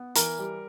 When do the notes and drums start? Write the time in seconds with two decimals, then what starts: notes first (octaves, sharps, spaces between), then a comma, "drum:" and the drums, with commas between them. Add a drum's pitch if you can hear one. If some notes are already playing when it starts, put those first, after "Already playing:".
Already playing: B3
0.15 E3 A#4, drum: hi-hat
0.38 G3